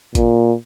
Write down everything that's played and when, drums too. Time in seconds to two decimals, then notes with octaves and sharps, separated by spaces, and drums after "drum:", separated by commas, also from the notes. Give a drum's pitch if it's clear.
0.15 A#2, drum: kick G#1, hi-hat